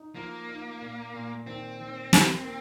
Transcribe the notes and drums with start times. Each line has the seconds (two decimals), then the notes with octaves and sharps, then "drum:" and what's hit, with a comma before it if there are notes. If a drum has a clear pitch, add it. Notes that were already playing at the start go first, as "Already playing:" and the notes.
Already playing: D#4
0.15 F3 A#3
0.49 D#4
0.81 A#2
1.14 A#2
1.47 D#3 C4
1.79 D#3
2.13 D#3, drum: snare
2.44 A#3